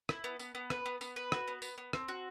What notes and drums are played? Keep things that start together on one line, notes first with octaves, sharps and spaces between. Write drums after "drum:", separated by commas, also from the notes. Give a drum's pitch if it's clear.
E4, drum: rim click
B3
B3, drum: tambourine
B3
B4, drum: rim click
B3
B3, drum: tambourine
B4
F#4, drum: rim click
B3
B3, drum: tambourine
B3
C4, drum: rim click
F#4